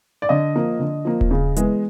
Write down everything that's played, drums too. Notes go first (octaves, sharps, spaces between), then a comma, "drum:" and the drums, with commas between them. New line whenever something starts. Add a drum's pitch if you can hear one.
D5
D3 D#5
F3 A#3
D3
F3 A#3
drum: kick D#1
C#3
E3 G#3 B3, drum: hi-hat